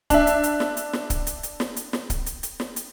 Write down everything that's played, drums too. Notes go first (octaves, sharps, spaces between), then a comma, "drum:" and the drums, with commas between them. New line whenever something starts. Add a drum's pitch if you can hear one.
D4 E5, drum: kick C#1, hi-hat
drum: hi-hat
drum: hi-hat
drum: snare
drum: hi-hat
drum: snare
drum: kick C#1, hi-hat
drum: hi-hat
drum: hi-hat
drum: snare
drum: hi-hat
drum: snare
drum: kick C#1, hi-hat
drum: hi-hat
drum: hi-hat
drum: snare
drum: hi-hat